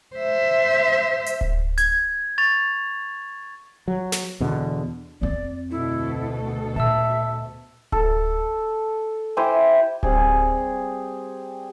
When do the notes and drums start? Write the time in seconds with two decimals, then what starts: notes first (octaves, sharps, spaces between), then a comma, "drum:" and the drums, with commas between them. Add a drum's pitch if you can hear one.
0.16 C5 E5
1.26 drum: hi-hat
1.41 drum: kick D1
1.78 G#6, drum: hi-hat
2.38 C#6 A6 F7
3.88 F#3
4.12 drum: snare
4.40 E2 B2 D3
5.21 F2 C4 D5
5.71 D2 B2 E4 A4
6.76 A#2 E5 A5 E6
7.92 A4, drum: kick D1
9.37 E4 G4 C5 G#5
10.03 G3 C4 G#4, drum: kick D1